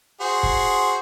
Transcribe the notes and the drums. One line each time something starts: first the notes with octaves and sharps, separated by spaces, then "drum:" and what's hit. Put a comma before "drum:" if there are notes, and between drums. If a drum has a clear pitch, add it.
F#4 G#4 C5
drum: kick